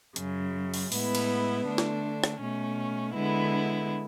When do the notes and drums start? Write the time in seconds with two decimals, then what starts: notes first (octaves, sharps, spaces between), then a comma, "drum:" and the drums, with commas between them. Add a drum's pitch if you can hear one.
0.16 F#2 C#3 F#3, drum: hi-hat
0.74 drum: open hi-hat
0.92 A2 G#3 B3 E4, drum: open hi-hat
1.15 drum: cymbal
1.65 D3 A3 D4
1.78 drum: snare
2.24 drum: rim click
2.41 B2 A3 C#4
3.15 D3 G#3 B3 E4